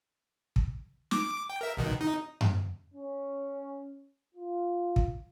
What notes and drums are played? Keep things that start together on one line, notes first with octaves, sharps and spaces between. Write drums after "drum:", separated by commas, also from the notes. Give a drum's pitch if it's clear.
drum: kick
D6, drum: snare
G5
A#4 E5
B1 B2 D#3
D#4
drum: tom F#2
C#4
F4
drum: kick